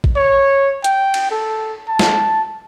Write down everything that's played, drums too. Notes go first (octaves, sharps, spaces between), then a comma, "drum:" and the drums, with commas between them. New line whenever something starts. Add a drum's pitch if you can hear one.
drum: kick
C#5
G5, drum: hi-hat
drum: cymbal
A4
A5
drum: snare